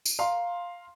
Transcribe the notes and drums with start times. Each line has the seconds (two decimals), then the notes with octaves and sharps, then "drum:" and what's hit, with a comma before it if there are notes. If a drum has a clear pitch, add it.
0.05 drum: tambourine
0.19 F5 A#5 C6